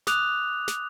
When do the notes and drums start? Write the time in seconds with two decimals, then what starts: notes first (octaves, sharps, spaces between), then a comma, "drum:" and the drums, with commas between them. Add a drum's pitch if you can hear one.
0.07 D6 D#6 F#6 F7, drum: snare
0.68 drum: snare